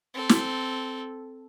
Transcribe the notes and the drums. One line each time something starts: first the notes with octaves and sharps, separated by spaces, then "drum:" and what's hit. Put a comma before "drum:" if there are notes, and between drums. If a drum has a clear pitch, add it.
C4 A4
drum: snare